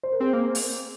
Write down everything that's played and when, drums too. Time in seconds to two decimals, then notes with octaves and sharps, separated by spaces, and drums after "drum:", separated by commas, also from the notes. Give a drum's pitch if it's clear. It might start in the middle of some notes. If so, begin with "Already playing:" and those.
0.03 C5
0.12 A#4
0.20 C4 G#4
0.33 A#3
0.55 drum: open hi-hat